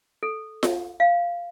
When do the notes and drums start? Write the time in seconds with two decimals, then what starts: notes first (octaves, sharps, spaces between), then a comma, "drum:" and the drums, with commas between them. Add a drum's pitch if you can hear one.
0.23 A4
0.63 drum: snare F4
1.00 F5